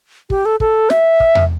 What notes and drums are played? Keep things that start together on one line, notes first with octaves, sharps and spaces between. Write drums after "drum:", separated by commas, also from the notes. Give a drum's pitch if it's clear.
G4, drum: kick
A4
A4, drum: kick
E5, drum: snare
drum: kick
drum: tom E2